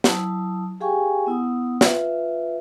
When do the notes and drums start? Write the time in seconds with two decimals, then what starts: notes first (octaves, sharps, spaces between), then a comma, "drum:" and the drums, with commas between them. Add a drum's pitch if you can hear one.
0.04 F#3 E4 A5 D#6, drum: snare
0.80 G4 G#4 F5 G5 G#5 C#6
1.26 B3 E4 F#5 D#6
1.81 F4 B4 E5 F5, drum: snare